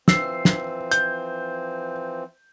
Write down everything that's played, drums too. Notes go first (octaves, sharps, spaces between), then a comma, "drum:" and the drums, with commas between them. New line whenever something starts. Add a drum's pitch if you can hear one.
E3 F3 C4 E6 C7, drum: snare
drum: snare
G6, drum: hi-hat